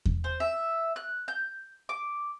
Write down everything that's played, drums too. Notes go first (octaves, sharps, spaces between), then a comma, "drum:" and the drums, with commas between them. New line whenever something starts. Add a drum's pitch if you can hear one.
drum: kick E2
C5
E5
F#6
G6
D6